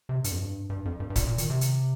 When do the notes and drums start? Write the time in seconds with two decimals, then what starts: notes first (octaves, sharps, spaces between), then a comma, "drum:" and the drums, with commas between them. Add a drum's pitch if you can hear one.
0.09 C3
0.24 G2, drum: hi-hat
0.31 F2
0.39 G2
0.70 G2
0.85 F2
1.00 G2
1.10 G2
1.16 A#2, drum: kick C#1, hi-hat
1.27 A#2
1.38 D#3, drum: hi-hat
1.50 C3
1.61 drum: hi-hat